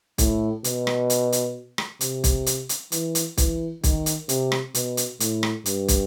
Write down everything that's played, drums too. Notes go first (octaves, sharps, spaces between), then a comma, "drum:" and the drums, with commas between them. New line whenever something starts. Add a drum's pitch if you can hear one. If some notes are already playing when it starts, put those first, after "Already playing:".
A2, drum: kick, hi-hat
B2, drum: hi-hat
drum: rim click
drum: hi-hat
drum: hi-hat
drum: rim click
C3, drum: hi-hat
drum: kick, hi-hat
drum: hi-hat
drum: hi-hat
E3, drum: hi-hat
drum: hi-hat
E3, drum: kick, hi-hat
D#3, drum: kick, hi-hat
drum: hi-hat
C3, drum: hi-hat
drum: rim click
B2, drum: hi-hat
drum: hi-hat
A2, drum: hi-hat
drum: rim click
G2, drum: hi-hat
drum: kick, hi-hat